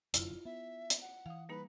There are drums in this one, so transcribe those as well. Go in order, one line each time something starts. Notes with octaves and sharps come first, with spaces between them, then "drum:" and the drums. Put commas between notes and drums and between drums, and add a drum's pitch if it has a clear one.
F1 F#2 D3 E4 F4, drum: hi-hat
B3 E5
drum: hi-hat
F#5
E3 F5 D#6
G3 A#3 D#4 B4